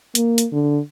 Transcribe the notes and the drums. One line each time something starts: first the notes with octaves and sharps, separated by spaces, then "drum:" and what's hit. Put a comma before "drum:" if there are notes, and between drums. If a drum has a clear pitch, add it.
A#3, drum: hi-hat
drum: hi-hat
D3